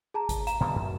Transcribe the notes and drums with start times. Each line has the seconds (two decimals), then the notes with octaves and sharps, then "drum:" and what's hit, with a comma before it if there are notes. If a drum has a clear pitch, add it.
0.14 G#4 A5 A#5
0.29 drum: kick G#1, hi-hat
0.47 F5 A#5 E7, drum: hi-hat
0.60 B2 D3 G3 A#5
0.76 F#2